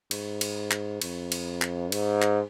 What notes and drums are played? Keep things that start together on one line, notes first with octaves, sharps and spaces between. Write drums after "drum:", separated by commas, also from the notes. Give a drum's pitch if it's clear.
G#2, drum: cymbal
drum: cymbal
drum: clap
F2, drum: cymbal
drum: cymbal
drum: clap
G#2, drum: cymbal
drum: clap